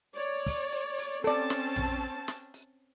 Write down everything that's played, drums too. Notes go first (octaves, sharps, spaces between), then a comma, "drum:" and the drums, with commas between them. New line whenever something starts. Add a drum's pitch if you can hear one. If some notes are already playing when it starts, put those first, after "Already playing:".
C#5 D5
drum: kick, open hi-hat
drum: hi-hat
drum: open hi-hat
C4 C#4 A4 D5 A5, drum: hi-hat
drum: snare
drum: tom A#1
drum: snare
drum: hi-hat